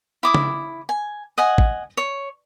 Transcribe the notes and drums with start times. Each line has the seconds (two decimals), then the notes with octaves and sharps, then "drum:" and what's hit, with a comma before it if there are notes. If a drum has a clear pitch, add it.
0.23 E4 D6 D#6
0.35 drum: tom C#3
0.89 G#5
1.38 D#5 F#5 G#5
1.58 drum: kick A1
1.97 C#5